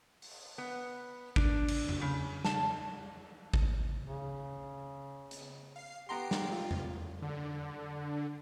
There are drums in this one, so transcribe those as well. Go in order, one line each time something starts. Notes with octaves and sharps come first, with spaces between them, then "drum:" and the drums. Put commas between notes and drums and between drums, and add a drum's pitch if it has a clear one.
drum: open hi-hat
B3
D4, drum: kick G#1
drum: cymbal
drum: tom E2
C#3
A5, drum: snare
drum: kick G#1
C#3
drum: hi-hat
F5 C7
B3 G4 F#5 A#5 C6 C7 D7
drum: snare
G#3 F4 F5
drum: tom E2
D3